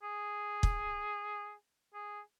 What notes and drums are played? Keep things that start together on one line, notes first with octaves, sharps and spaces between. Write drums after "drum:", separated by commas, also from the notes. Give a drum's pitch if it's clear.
G#4
drum: kick
G#4